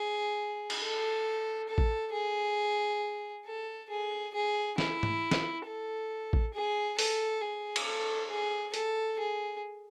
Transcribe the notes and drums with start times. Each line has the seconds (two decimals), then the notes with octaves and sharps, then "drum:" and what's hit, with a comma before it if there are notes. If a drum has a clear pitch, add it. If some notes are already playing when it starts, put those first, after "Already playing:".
Already playing: G#4
0.70 drum: cymbal
0.82 A4
1.69 A4
1.78 drum: kick A1
2.13 G#4
3.46 A4
3.90 G#4
4.34 G#4
4.78 E4, drum: snare
5.03 drum: tom G#2
5.31 drum: snare
5.66 A4
6.33 drum: kick A1
6.54 G#4
6.99 A4, drum: open hi-hat
7.42 G#4
7.76 drum: cymbal
7.86 A4
8.30 G#4
8.74 A4, drum: hi-hat
9.19 G#4